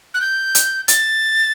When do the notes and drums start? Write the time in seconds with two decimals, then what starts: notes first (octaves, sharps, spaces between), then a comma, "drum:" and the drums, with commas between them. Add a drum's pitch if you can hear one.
0.14 F#6
0.21 G6
0.55 drum: hi-hat
0.88 A6, drum: hi-hat